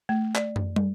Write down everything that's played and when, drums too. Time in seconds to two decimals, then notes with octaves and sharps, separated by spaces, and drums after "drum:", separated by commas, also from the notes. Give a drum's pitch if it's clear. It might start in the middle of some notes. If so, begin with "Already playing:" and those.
0.09 A3
0.35 D5, drum: clap
0.56 drum: tom
0.76 drum: tom